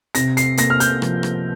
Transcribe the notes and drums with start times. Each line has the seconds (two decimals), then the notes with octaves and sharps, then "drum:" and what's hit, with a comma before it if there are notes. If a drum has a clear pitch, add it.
0.15 C3 A#6, drum: hi-hat
0.37 C7, drum: hi-hat
0.57 A#3 A#6, drum: hi-hat
0.70 F6
0.80 G6, drum: hi-hat
1.02 F3, drum: rim click
1.23 drum: rim click